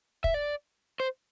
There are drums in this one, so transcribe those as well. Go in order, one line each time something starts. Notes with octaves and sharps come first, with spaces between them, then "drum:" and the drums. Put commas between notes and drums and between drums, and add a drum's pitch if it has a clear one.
E5, drum: kick
D5
C5